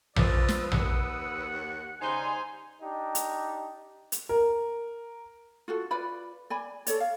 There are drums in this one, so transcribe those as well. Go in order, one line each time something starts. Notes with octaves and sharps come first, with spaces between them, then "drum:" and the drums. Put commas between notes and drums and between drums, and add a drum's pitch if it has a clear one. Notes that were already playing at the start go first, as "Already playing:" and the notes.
F3 B4 D5 D#6 E6, drum: tom A#1
drum: snare
D#2 F#5, drum: tom A#1
C#3 G3 D#4 C5 G#5
D4 D#4 G4
drum: hi-hat
drum: hi-hat
A#4
F4 F#4 A4
F4 B4 D5 B5
D5 G#5 B5
A4 C#5 D5, drum: hi-hat
F5